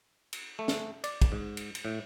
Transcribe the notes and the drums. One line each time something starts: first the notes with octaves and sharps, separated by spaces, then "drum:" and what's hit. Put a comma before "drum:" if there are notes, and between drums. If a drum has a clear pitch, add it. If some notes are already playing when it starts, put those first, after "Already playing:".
drum: cymbal
A3
drum: snare
D5, drum: cymbal
drum: kick, cymbal
G#2
drum: cymbal
drum: cymbal
A2